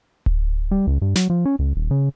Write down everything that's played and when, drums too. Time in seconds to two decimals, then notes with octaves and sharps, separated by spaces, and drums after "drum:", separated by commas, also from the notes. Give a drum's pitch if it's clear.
0.26 drum: kick D1
0.71 G3
0.87 C#2
1.02 G2
1.15 F#3, drum: snare
1.30 F3
1.45 C#4
1.59 C#2
1.76 D#1
1.91 C#3